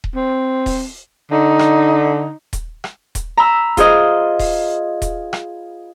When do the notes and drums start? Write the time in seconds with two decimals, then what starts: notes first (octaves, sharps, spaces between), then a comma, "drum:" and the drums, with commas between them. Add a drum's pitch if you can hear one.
0.04 drum: kick D#1
0.15 C4
0.66 drum: kick D#1, open hi-hat
1.32 D3 D#4
1.59 drum: rim click
2.53 drum: kick D#1, hi-hat
2.84 drum: rim click
3.15 drum: kick D#1, hi-hat
3.37 A#5 B5 E6
3.77 F4 G#4 C5 D#5 F5, drum: kick D#1, hi-hat
4.39 drum: kick D#1, open hi-hat
5.02 drum: kick D#1, hi-hat
5.33 drum: rim click